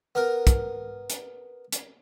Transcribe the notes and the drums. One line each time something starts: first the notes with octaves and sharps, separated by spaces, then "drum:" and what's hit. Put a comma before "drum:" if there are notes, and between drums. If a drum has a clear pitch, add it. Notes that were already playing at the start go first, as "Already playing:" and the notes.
B3 A#4
drum: kick, hi-hat
drum: hi-hat
drum: hi-hat